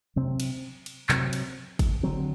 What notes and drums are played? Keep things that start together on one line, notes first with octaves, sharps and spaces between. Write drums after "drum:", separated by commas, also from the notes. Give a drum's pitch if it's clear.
C3 F#3 C4
drum: cymbal
drum: cymbal
C3 F#3 C4, drum: clap
drum: cymbal
drum: kick, cymbal
D3 F#3 C4